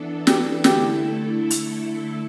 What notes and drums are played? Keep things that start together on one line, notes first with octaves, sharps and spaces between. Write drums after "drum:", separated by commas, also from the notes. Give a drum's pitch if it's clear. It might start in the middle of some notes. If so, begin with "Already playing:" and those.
Already playing: E3 B3 D4 A4
G4, drum: snare
D3 A3 E4 G4 A4, drum: snare
drum: hi-hat